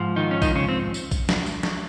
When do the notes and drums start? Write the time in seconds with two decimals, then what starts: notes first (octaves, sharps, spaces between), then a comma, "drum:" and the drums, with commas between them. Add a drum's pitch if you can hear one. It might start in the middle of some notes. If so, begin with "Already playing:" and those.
Already playing: G#2 F3
0.16 D#3 D#4
0.31 C#4
0.42 D#3 D#4, drum: kick A#1, tambourine
0.55 C#3 C#4
0.69 C4
0.94 drum: tambourine
1.11 drum: kick A#1, tambourine
1.29 drum: snare
1.46 drum: tambourine
1.63 drum: snare